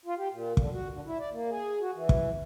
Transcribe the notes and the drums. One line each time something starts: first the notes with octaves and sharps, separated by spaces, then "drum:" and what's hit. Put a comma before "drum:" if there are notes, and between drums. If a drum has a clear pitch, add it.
F4
G4
A#2
D3, drum: kick
F#4
D3
E4
D5
A#3
G#4
F#4
E3
drum: kick